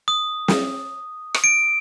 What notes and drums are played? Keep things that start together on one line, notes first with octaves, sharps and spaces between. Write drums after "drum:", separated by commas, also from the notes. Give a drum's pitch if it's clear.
D#6
drum: snare
drum: rim click
D7